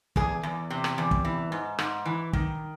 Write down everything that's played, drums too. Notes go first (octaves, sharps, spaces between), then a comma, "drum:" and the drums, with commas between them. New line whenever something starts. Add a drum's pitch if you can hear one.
E2 G#4, drum: kick
E2
C3
drum: rim click
E2
drum: kick
E3
G#2
G#2, drum: rim click
E3
D#3, drum: kick